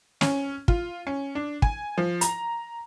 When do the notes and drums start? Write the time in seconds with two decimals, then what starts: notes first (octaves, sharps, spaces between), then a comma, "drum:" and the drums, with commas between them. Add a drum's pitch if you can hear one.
0.21 C#4, drum: snare
0.68 F4, drum: kick
1.07 C#4
1.35 D4
1.62 G#5, drum: kick
1.98 F3
2.21 A#5, drum: hi-hat